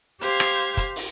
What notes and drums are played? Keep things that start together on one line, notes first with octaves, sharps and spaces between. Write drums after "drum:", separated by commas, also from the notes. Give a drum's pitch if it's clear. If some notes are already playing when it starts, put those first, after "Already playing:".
G4 C5 F5 G#6, drum: hi-hat
drum: rim click
drum: kick, hi-hat
drum: open hi-hat